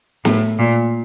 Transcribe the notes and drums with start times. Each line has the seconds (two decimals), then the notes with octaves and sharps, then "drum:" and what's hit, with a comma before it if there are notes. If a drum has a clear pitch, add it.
0.25 A2, drum: snare
0.59 A#2